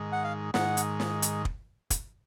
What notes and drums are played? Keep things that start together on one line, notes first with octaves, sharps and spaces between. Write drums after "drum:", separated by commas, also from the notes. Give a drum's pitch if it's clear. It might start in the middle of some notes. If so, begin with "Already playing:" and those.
Already playing: G#2 D#3 G#3
F#5
F5
G#2 D#3 G#3 F#5, drum: snare
drum: hi-hat
drum: snare
drum: hi-hat
drum: kick
drum: kick, hi-hat